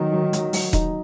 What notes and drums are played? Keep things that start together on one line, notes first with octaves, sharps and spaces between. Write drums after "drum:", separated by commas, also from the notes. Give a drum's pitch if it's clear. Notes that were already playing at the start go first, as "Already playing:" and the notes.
Already playing: D#3 F#3 B3 D#4
F#3
F#3, drum: hi-hat
F#3, drum: open hi-hat
D#4, drum: kick D#1, hi-hat